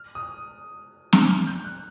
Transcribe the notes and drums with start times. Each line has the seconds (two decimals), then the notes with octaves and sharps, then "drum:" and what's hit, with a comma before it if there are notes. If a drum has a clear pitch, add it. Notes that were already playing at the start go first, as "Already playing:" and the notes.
Already playing: F6
0.15 D#6
1.13 drum: snare
1.30 F6
1.47 G6
1.64 F#6